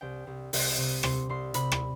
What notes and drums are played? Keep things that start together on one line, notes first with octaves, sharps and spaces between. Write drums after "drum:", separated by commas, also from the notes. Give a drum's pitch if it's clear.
C2 G5
C2
C2, drum: open hi-hat
C3
C3 C6, drum: rim click
C2 C6
C3 B5, drum: hi-hat
drum: rim click